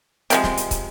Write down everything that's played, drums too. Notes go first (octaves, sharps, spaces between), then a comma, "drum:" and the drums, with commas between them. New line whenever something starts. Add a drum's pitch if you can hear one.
C3 F3 G#3, drum: hi-hat
drum: snare
drum: hi-hat
drum: kick, hi-hat